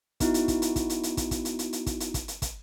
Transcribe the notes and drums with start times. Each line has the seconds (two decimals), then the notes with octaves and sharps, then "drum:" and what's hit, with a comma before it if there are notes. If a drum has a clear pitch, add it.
0.20 B3 D#4 E4 F#4, drum: kick, hi-hat
0.34 drum: hi-hat
0.48 drum: kick, hi-hat
0.62 drum: hi-hat
0.76 drum: kick, hi-hat
0.90 drum: hi-hat
1.03 drum: hi-hat
1.17 drum: kick, hi-hat
1.31 drum: kick, hi-hat
1.45 drum: hi-hat
1.59 drum: hi-hat
1.73 drum: hi-hat
1.86 drum: kick, hi-hat
2.00 drum: hi-hat
2.14 drum: kick, hi-hat
2.28 drum: hi-hat
2.42 drum: kick, hi-hat